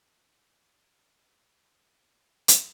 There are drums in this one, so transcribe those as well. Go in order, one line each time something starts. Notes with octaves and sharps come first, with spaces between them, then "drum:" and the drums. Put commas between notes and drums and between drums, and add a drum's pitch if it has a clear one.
C3 G4
drum: hi-hat